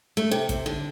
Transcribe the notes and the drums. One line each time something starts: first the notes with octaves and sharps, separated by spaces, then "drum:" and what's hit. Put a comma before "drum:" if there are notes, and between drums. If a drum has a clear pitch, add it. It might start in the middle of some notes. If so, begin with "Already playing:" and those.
A3
C3
C3, drum: kick, hi-hat
D3